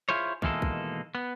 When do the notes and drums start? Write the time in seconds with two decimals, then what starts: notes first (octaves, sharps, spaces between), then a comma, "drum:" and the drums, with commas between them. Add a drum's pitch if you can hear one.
0.09 E4 F4 G#4 C5 C#5
0.42 B2 D#3 E3 G#3 A#3 A4, drum: kick
0.62 drum: kick
1.15 B3